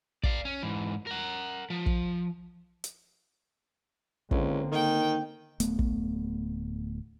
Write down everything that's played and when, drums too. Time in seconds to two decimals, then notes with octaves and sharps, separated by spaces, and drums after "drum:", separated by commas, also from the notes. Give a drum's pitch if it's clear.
0.24 D5 F5, drum: kick
0.45 C#4
0.62 G#2 E3
1.07 A#4 F#5
1.70 F3
1.86 drum: kick
2.84 drum: hi-hat
4.31 C#2 D3 A#3 C4, drum: kick
4.71 D#3 G5
5.60 D1 A3 B3, drum: hi-hat
5.79 drum: kick